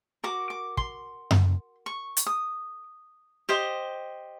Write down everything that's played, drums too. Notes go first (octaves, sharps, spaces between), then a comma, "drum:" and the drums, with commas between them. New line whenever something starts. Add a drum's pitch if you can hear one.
F#4 A#4 D6
D6
C6, drum: kick
drum: tom F#2
C#6
drum: hi-hat
D#6
G4 C5 D#5